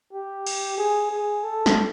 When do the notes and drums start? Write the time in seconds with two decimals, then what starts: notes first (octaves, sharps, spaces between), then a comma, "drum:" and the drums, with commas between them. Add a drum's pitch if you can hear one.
0.13 G4
0.47 drum: cymbal
0.78 G#4
1.10 G#4
1.43 A4
1.66 drum: snare